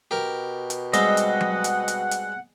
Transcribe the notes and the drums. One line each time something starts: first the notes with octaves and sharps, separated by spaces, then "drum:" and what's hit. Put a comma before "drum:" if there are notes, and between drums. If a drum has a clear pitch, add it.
B2 G4 A#4
drum: hi-hat
G3 G#3 C4 D#5 F#5, drum: hi-hat
drum: hi-hat
drum: tom F#3
drum: hi-hat
drum: hi-hat
drum: hi-hat